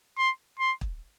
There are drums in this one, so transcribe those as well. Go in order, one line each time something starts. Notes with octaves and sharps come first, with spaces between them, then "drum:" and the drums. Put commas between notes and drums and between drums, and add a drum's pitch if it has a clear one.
C6
C6
drum: kick